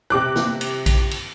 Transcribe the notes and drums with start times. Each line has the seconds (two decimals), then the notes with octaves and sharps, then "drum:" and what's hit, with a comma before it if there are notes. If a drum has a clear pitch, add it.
0.10 C3 G4 D6 F#6
0.36 drum: snare
0.61 drum: cymbal
0.86 drum: kick A#1, cymbal
1.11 drum: cymbal